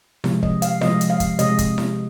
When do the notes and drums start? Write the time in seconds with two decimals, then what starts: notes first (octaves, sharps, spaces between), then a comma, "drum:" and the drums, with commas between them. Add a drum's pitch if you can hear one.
0.24 C3 F3 G#3, drum: snare E4
0.43 D#5, drum: kick
0.62 F5, drum: hi-hat
0.81 C3 F3 G#3 D#5, drum: snare E4
1.01 drum: hi-hat
1.10 F5
1.20 drum: kick, hi-hat
1.39 C3 G#3 D#5, drum: hi-hat
1.59 drum: kick, hi-hat
1.78 drum: snare E4